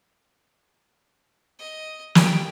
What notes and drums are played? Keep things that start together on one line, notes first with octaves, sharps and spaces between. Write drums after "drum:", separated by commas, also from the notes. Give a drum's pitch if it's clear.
D#5
G4 G5, drum: snare